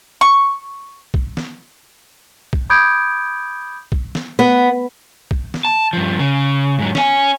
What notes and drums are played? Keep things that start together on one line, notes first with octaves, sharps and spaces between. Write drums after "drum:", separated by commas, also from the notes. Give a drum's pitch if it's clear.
C#6
drum: kick
drum: snare
drum: kick
B5 D6 D#6 G6 G#6 D7
drum: kick
drum: snare
B3
drum: kick
drum: snare
A5
G2 F3
C#3
G#2 F#3
C#4 G#5, drum: snare